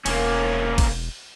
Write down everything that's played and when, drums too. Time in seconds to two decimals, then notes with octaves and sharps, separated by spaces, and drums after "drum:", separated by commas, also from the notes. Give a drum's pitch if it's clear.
0.06 E1 A#3 C#4, drum: cymbal
0.78 drum: kick G#1, cymbal